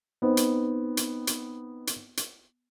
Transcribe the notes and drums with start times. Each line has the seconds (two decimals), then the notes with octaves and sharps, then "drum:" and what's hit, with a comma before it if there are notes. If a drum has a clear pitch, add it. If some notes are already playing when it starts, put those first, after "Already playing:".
0.22 B3 C4 D#4
0.37 drum: hi-hat
0.97 drum: hi-hat
1.27 drum: hi-hat
1.87 drum: hi-hat
2.17 drum: hi-hat